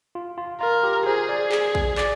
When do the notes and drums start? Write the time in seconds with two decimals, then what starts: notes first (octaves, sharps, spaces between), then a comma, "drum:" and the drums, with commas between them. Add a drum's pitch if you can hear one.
0.15 F4
0.38 F4
0.61 F4 A#4
0.84 G4
1.06 G#4 C5
1.29 D5
1.52 G#4, drum: clap
1.75 drum: kick
1.98 D5, drum: clap